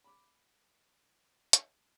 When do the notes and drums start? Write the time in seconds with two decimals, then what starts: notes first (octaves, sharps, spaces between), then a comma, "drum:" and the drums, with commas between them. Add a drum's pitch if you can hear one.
0.04 B5 D6
1.53 drum: hi-hat